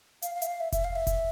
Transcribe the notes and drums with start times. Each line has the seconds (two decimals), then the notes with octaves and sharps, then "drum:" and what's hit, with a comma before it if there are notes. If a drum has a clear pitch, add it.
0.22 F5, drum: hi-hat
0.35 F5
0.42 E5, drum: hi-hat
0.47 F5
0.60 E5
0.72 E5, drum: kick F1, hi-hat
0.84 F5
0.95 E5
1.07 drum: kick F1, hi-hat